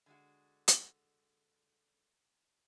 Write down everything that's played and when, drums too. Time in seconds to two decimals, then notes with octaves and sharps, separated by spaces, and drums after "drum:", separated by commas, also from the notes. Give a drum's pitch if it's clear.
0.06 D3 G#3 F#4
0.68 drum: hi-hat